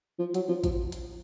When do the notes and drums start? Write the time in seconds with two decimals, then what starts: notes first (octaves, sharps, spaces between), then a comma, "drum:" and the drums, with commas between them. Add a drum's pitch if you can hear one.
0.19 F3
0.34 F#3, drum: hi-hat
0.49 F3
0.64 F3, drum: kick, hi-hat
0.92 drum: hi-hat